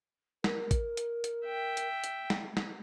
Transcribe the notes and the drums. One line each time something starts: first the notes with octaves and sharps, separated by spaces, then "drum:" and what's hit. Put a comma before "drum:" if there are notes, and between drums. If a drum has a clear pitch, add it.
A#4, drum: snare
drum: kick, hi-hat
drum: hi-hat
drum: hi-hat
E5 G5
drum: hi-hat
drum: hi-hat
drum: snare
drum: snare